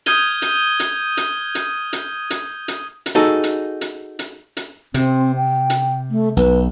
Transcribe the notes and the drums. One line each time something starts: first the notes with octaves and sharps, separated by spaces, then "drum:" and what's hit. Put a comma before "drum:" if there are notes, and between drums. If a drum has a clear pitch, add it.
D#6 F6 G6 G#6 D#7 G7, drum: hi-hat
drum: hi-hat
drum: hi-hat
drum: hi-hat
drum: hi-hat
drum: hi-hat
drum: hi-hat
drum: hi-hat
drum: hi-hat
D#4 F#4 G#4 A4
drum: hi-hat
drum: hi-hat
drum: hi-hat
drum: hi-hat
C3 C4, drum: hi-hat
G5
drum: hi-hat
A3
B1 B4